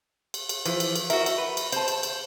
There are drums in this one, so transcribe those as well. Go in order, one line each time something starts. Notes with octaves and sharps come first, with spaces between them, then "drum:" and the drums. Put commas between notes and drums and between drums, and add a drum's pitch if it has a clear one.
drum: cymbal
drum: cymbal
E3 F3, drum: cymbal
drum: cymbal
drum: cymbal
F#4 A#4 E5, drum: cymbal
drum: cymbal
B4
drum: cymbal
C5 A5, drum: cymbal
drum: cymbal
drum: cymbal